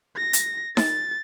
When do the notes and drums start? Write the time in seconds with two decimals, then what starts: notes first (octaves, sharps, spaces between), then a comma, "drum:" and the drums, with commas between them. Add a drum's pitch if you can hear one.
0.17 A#6
0.33 drum: hi-hat
0.77 A6, drum: snare D#4